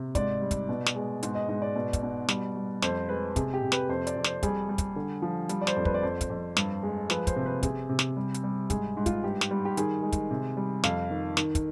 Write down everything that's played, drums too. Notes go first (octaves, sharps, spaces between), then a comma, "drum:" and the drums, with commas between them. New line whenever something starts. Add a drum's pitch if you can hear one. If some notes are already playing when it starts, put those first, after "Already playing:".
Already playing: C3
G#2 D5, drum: kick, hi-hat
G3
drum: kick, hi-hat
B2
drum: snare
G#3
G#2, drum: hi-hat
D#5
G#2 D#5
D5
B2
drum: kick, hi-hat
B2
G3, drum: snare
G3
F2 C5, drum: snare
G#3 B4
C3 G#4, drum: kick, hi-hat
G4
C3
B4, drum: snare
F2 C5
D5, drum: hi-hat
F2
C5, drum: snare
G3 G#4, drum: kick, hi-hat
G3
drum: kick, hi-hat
D3
F3
G3, drum: hi-hat
D5
C5, drum: snare
F2
B4, drum: kick
D5
F2 C5
drum: kick, hi-hat
F2
G2, drum: snare
G#3
F3 B4, drum: snare
C5, drum: kick, hi-hat
C3
B4
C3 G#4, drum: kick, hi-hat
C3
drum: snare
G3
drum: hi-hat
G3
G#2 G#4, drum: kick, hi-hat
G#2
F4, drum: kick, hi-hat
G2 G4
drum: snare
G3
G4
D#3 G#4, drum: hi-hat
G#3
drum: kick, hi-hat
C3
G3
F2 F5, drum: snare
D#3
D#3, drum: snare
drum: kick, hi-hat